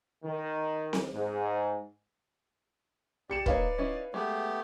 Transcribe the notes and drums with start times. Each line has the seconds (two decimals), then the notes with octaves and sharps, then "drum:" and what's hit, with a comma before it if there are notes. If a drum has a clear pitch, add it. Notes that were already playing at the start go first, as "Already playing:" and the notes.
0.24 D#3
0.93 drum: snare C4
1.14 G#2
3.30 G4 D5 C#7 E7
3.46 A#3 D#4 B4 C#5 F5, drum: kick
3.78 C#4 D#4 E4
4.14 G#3 A3 B3 G4